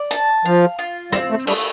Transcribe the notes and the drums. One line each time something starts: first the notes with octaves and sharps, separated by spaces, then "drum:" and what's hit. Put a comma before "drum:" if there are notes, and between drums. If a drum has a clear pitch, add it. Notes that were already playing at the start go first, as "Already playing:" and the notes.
Already playing: D5
A5, drum: hi-hat
F3 F5
F4
G3 C4, drum: rim click
A3
G3 A3, drum: cymbal